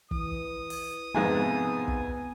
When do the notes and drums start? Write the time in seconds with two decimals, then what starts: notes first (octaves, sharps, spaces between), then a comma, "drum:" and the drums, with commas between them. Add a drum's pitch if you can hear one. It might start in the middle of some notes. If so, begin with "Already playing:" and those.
0.11 E3 D#6, drum: kick
0.70 drum: open hi-hat
1.15 F2 G#2 C3 B3 G#5
1.88 drum: kick